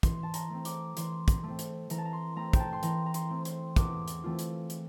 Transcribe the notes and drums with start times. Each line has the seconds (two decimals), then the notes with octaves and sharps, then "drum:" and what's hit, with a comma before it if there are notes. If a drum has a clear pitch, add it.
0.03 E3 C6, drum: kick, hi-hat
0.23 A5
0.34 A#5, drum: hi-hat
0.50 A3 C4
0.65 D6, drum: hi-hat
0.97 E3 C6, drum: hi-hat
1.28 drum: kick, hi-hat
1.43 A3 C4
1.59 drum: hi-hat
1.90 E3 A#5, drum: hi-hat
1.98 A5
2.05 A#5
2.13 C6
2.36 A3 C4 A#5
2.53 G5, drum: kick, hi-hat
2.59 A5
2.73 C6
2.83 E3 A#5, drum: hi-hat
3.06 A#5
3.14 C6, drum: hi-hat
3.30 A3 C4
3.45 C6, drum: hi-hat
3.76 E2 D6, drum: kick, hi-hat
4.08 drum: hi-hat
4.24 E3 A3 C4 F4
4.39 drum: hi-hat
4.70 drum: hi-hat